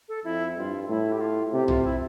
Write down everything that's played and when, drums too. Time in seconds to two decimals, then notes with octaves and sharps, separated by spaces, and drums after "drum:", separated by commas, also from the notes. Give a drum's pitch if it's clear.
0.09 A4
0.24 F2 E4
0.57 G2 F4
0.88 A2 E4
1.12 G4
1.21 F4
1.53 C3 G4
1.68 F4, drum: tom
1.84 E4